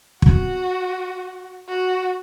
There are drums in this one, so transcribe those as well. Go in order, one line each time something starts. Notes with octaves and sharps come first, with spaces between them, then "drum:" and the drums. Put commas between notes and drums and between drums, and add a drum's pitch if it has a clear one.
F#4, drum: kick
F#4